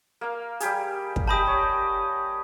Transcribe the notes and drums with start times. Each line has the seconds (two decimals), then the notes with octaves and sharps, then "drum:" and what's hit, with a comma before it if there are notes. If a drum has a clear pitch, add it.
0.21 A#3 F5
0.60 G3 G4 G#4, drum: hi-hat
1.16 drum: kick
1.27 G4 D#5 G5 A5 B5 D#6
1.47 C#5